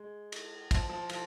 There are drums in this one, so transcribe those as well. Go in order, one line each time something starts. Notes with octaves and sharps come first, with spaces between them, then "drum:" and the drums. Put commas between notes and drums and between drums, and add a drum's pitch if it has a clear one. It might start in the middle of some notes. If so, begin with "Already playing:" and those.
Already playing: G#3
drum: cymbal
F3, drum: kick, cymbal
F3
F3, drum: cymbal